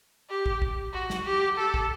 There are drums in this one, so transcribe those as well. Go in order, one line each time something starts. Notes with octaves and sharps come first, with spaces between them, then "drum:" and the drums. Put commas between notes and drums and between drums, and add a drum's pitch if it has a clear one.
G4
drum: kick
drum: kick
F#4
drum: snare
G4
A4
drum: kick